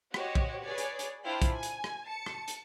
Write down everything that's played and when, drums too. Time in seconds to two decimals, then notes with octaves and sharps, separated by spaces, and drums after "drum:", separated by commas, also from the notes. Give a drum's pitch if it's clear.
0.14 F#4 G4 C5 C#5 D#5, drum: rim click
0.35 drum: kick
0.64 G#4 B4 C#5 D5
0.78 drum: hi-hat
0.99 drum: hi-hat
1.25 D4 E4 F4 C5 G5 B5
1.42 drum: kick, hi-hat
1.54 G#5
1.63 drum: hi-hat
1.84 drum: rim click
2.09 A5 C#7
2.26 drum: rim click
2.48 drum: hi-hat